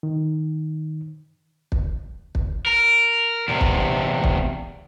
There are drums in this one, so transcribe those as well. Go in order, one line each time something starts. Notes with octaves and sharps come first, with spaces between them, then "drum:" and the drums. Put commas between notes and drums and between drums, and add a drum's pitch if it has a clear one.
D#3
drum: kick
drum: kick
A#4
E2 C3
drum: kick
drum: kick